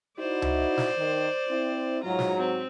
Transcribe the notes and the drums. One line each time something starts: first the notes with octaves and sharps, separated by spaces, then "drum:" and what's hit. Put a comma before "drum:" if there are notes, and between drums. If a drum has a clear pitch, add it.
D#4 E4 F#4 C5 D5
drum: tom C#2
drum: snare
D#3
C4 E4
G#2 F#3 F4 A#5
drum: snare
C4